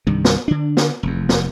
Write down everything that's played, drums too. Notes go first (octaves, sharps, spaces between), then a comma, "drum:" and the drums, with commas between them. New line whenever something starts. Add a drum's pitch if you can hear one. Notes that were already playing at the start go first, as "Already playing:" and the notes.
C2 G2 D#3
drum: snare
D3 D4
drum: snare
F1 E2
drum: snare